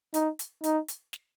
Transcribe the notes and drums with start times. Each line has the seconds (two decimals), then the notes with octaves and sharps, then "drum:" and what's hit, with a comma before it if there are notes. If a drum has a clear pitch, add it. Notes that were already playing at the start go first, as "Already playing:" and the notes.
0.14 D#4, drum: hi-hat
0.39 drum: hi-hat
0.64 D#4, drum: hi-hat
0.88 drum: hi-hat
1.13 drum: snare